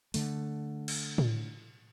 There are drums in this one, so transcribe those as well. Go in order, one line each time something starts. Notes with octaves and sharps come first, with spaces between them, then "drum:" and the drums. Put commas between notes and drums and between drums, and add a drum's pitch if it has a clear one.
D3 A3, drum: open hi-hat
drum: cymbal
drum: tom A2